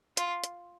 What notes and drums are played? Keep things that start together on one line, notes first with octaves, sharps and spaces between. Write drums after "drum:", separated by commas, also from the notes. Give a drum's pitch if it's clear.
F4, drum: hi-hat
drum: hi-hat